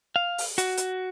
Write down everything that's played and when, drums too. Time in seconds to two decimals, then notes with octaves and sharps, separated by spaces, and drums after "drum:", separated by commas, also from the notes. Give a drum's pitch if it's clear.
0.16 F5
0.38 drum: open hi-hat
0.58 F#4, drum: hi-hat
0.78 drum: hi-hat